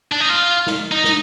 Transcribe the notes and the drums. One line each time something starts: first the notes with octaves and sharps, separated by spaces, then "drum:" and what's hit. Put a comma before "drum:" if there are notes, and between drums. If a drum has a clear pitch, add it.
D4
D#4
F4
drum: snare
D#4
drum: snare